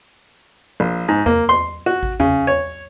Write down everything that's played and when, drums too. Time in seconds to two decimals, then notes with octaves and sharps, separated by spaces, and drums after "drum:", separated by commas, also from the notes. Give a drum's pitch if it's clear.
0.80 A#1
1.08 G#2
1.26 A#3, drum: tom E2
1.49 C6
1.86 F#4
2.03 drum: kick G#1
2.20 C#3, drum: tom E2
2.47 C#5